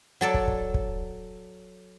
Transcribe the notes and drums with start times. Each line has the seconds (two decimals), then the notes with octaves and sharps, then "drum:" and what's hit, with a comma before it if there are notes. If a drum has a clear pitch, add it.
0.21 F#3 A4 D5
0.34 drum: kick
0.48 drum: kick
0.74 drum: kick